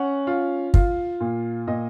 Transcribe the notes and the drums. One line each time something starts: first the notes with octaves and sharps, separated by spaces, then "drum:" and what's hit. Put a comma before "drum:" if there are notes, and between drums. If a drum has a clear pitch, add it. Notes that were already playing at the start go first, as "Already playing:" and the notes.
Already playing: C#4 F#5
F4
F4, drum: kick
A#2
A#2 D#5